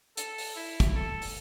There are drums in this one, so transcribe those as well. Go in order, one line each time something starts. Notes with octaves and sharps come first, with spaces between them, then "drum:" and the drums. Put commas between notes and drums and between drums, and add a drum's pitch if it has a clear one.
A4, drum: hi-hat
drum: open hi-hat
E4
drum: kick, hi-hat
A4
drum: open hi-hat